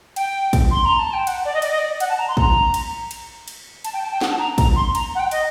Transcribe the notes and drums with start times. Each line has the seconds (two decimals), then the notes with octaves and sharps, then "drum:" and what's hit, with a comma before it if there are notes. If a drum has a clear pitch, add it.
0.16 G5, drum: cymbal
0.53 drum: kick, cymbal
0.71 C6
0.85 A#5
0.99 A5
1.13 G5
1.27 F#5, drum: cymbal
1.45 D5
1.54 D#5
1.62 D5, drum: cymbal
1.71 D#5
1.79 D5
2.00 F#5, drum: cymbal
2.10 A5
2.19 A#5
2.28 C6
2.37 A#5, drum: kick
2.74 drum: cymbal
3.11 drum: cymbal
3.48 drum: cymbal
3.84 A5, drum: cymbal
3.93 G5
4.02 A5
4.12 G5
4.21 F#5, drum: snare
4.30 A5
4.39 A#5
4.58 A#5, drum: kick, cymbal
4.76 C6
4.95 A#5, drum: cymbal
5.15 F#5
5.20 G5
5.31 D#5, drum: cymbal